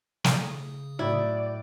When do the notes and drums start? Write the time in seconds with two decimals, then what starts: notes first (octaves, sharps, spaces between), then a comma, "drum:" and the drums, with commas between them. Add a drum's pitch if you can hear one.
0.24 C#3 D#6, drum: snare
0.99 A2 F#3 E4 D5